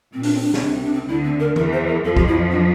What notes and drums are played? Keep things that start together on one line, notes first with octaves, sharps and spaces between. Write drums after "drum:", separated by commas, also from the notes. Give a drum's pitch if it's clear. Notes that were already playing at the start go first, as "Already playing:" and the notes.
A#2 C4
D4, drum: open hi-hat
C4
D4
C4, drum: snare
C2 C3 D4
C4
D4
C4
D2 D3 E4
C4
A#4
E2 E3 A#4, drum: tom D#3
C5
A#4
F2 F3 A4
G4, drum: kick
E4
D4